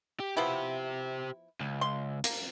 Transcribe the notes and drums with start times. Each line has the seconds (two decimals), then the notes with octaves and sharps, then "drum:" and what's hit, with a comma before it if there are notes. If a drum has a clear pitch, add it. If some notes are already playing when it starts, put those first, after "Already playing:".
0.20 G4
0.37 F3 B3 E4 G4 C5
1.60 C#2
1.81 C6
2.24 A#3, drum: hi-hat